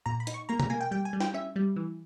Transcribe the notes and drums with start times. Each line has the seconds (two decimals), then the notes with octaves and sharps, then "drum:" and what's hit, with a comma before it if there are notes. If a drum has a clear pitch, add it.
0.06 A#2 A#5
0.20 B5
0.27 D#4, drum: hi-hat
0.34 C#6
0.49 A#3 A#5
0.60 A#5, drum: tom B2
0.70 A#3 G#5
0.81 G5
0.91 G3 G5
1.05 G#5
1.13 G3
1.21 G5, drum: snare
1.34 C#4 E5
1.56 G3
1.76 E3